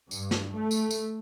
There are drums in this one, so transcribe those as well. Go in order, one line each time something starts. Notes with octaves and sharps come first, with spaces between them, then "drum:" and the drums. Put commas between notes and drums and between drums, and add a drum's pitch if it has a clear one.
G2, drum: tambourine
drum: snare
A3
drum: tambourine
drum: tambourine